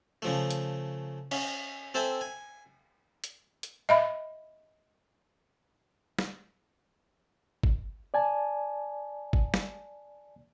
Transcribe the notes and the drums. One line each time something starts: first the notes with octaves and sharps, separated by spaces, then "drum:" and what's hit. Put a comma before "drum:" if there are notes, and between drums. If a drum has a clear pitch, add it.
C#3 F3 A3
drum: hi-hat
C#4, drum: cymbal
C4 A4 C5 E5 G#5
G#5
drum: hi-hat
drum: hi-hat
D#5 E5 B5
drum: snare
drum: kick G1
D5 G#5 A5
drum: kick G1
drum: snare